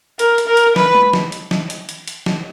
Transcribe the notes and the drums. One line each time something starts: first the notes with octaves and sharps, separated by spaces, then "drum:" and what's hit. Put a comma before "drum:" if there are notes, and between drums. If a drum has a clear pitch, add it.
A#4, drum: hi-hat
drum: hi-hat
A#4
drum: hi-hat
B4, drum: snare
drum: tom G#3
drum: snare
drum: hi-hat
drum: snare
drum: hi-hat
drum: hi-hat
drum: hi-hat
drum: snare